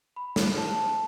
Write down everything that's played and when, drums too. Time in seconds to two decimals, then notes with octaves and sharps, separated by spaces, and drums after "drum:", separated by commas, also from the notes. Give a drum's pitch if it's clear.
0.16 B5
0.36 drum: snare
0.57 A5